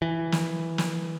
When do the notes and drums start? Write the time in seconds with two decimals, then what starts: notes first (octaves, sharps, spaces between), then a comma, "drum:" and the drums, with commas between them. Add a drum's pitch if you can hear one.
0.02 E3
0.32 drum: snare
0.78 drum: snare